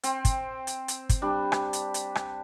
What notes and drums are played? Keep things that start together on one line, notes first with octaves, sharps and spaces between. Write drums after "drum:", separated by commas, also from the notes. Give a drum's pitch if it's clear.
C4, drum: hi-hat
drum: kick, hi-hat
drum: hi-hat
drum: hi-hat
drum: kick, hi-hat
G3 D4
drum: rim click
drum: hi-hat
drum: hi-hat
drum: rim click